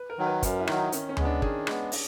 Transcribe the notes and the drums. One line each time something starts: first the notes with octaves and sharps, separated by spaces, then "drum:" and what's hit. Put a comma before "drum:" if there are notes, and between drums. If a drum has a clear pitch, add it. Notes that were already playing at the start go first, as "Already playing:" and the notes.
Already playing: B4
A#4
D#3 F#3
B4
F#2 A#4, drum: kick, hi-hat
E4
D#3 F#3, drum: rim click
D#4
D#3 C#4, drum: hi-hat
C#4
G#3 B3, drum: tom D2
D4
D#3 G#4, drum: kick
G#3 B3, drum: rim click
drum: open hi-hat